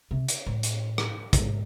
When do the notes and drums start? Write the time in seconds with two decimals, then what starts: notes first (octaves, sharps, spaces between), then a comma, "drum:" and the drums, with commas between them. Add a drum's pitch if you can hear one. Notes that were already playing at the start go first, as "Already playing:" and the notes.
0.11 C3
0.29 drum: hi-hat
0.47 A2
0.63 drum: hi-hat
0.98 drum: rim click
1.33 G#2, drum: kick, hi-hat